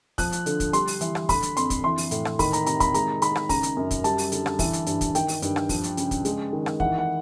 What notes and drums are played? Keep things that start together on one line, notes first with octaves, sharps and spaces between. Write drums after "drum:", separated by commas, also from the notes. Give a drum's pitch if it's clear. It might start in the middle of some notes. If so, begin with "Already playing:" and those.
F3 F#6, drum: kick, open hi-hat
drum: hi-hat
D3, drum: hi-hat
drum: kick, hi-hat
G3 C6, drum: hi-hat
drum: open hi-hat
E3, drum: hi-hat
drum: rim click
D3 B5, drum: kick, open hi-hat
drum: hi-hat
F2 C6, drum: hi-hat
drum: kick, hi-hat
E3 C6
drum: open hi-hat
A2, drum: hi-hat
drum: rim click
D#3 B5, drum: kick, open hi-hat
A#5, drum: hi-hat
C3 A#5, drum: hi-hat
B5, drum: kick, hi-hat
G#3 A#5, drum: hi-hat
D#3 B5, drum: hi-hat
drum: rim click
C#3 A#5, drum: kick, open hi-hat
drum: hi-hat
F#2
drum: kick, hi-hat
G3 A5, drum: hi-hat
drum: open hi-hat
D3, drum: hi-hat
drum: rim click
E3, drum: kick, open hi-hat
drum: hi-hat
G2, drum: hi-hat
drum: kick, hi-hat
D#3 G5, drum: hi-hat
drum: open hi-hat
G2, drum: hi-hat
drum: rim click
F3, drum: kick, open hi-hat
drum: hi-hat
C#3, drum: hi-hat
drum: kick, hi-hat
G#3, drum: hi-hat
D#3
drum: rim click
E3 F#5, drum: kick
F#5